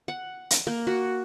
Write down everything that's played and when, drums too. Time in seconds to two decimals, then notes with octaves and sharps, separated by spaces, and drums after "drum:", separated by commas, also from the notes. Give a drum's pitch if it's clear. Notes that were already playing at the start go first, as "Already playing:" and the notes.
0.08 F#5
0.50 drum: hi-hat
0.67 A#3
0.87 F#4